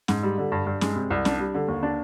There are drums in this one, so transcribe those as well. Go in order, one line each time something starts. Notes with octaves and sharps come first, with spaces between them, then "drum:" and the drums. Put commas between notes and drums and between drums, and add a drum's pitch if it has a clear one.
G#2, drum: snare C#4
G3
D3
G2
G2
G#3, drum: snare C#4
C3
C2
D4, drum: snare C#4
G3
D3
D#2
D4